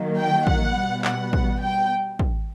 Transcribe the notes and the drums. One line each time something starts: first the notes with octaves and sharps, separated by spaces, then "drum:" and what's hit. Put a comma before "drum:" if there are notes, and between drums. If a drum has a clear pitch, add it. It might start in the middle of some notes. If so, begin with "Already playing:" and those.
Already playing: D#3 F#3 A#3
G5
F#5, drum: kick
B2 G3 B3
F#5, drum: clap
drum: kick
G5
drum: kick